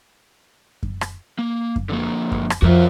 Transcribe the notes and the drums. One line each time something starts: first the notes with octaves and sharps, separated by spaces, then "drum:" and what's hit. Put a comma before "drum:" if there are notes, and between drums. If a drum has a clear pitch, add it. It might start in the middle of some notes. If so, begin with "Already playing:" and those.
drum: kick F#2
drum: rim click
A#3
drum: kick F#2
D3 F3 A#3
drum: kick F#2
drum: rim click
F2 F3 F#4 A#4 E5